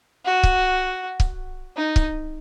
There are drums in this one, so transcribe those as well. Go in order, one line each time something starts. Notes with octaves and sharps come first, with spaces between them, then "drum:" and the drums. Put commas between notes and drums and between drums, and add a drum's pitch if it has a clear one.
F#4
drum: kick C#1
drum: kick C#1
D#4
drum: kick C#1